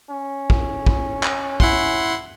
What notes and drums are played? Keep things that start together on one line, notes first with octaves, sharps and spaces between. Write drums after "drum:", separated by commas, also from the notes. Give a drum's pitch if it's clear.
C#4
drum: kick
drum: kick
drum: clap
E4 F#5 C6, drum: kick